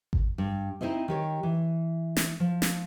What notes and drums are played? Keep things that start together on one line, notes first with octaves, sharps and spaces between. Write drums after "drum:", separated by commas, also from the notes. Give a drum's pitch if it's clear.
drum: kick G#1
G2
C4 D#4 E4 C5 D#5
D#3 G4 C#5
E3
drum: snare
F3
drum: snare